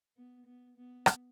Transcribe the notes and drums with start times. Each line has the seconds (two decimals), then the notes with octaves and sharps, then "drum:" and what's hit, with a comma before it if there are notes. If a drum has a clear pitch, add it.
0.17 B3
0.46 B3
0.77 B3
1.06 drum: rim click